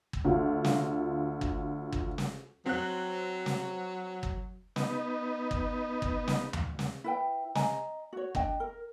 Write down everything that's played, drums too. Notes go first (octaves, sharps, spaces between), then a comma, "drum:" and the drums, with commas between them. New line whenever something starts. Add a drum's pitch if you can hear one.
drum: kick G1
D2 F4
drum: snare
drum: kick G1
drum: kick G1
drum: snare
F#3 C4 F#6
drum: snare
drum: kick G1
B3 D#4, drum: snare
drum: kick G1
drum: kick G1
drum: snare
drum: tom D2
drum: snare
E4 B4 G5
D#5 G#5 A#5, drum: snare
F#4 C#5
D4 D#5 G5, drum: kick G1
A#4